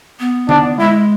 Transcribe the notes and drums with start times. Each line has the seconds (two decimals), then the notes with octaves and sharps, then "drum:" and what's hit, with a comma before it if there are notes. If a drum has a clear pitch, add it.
0.20 B3
0.49 D4, drum: tom D3
0.79 G#3 E4